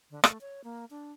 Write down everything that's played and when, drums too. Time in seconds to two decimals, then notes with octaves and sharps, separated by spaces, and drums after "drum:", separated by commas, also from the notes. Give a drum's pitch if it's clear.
0.11 D3
0.24 A3, drum: rim click
0.41 C#5
0.64 A#3
0.91 D4